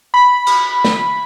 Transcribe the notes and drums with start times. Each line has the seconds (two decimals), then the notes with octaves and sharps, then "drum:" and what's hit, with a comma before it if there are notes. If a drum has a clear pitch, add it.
0.14 B5
0.46 drum: cymbal
0.84 drum: snare